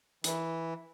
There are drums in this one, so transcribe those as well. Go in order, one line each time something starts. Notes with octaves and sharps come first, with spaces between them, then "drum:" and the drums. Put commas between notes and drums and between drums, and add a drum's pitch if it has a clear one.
E3, drum: hi-hat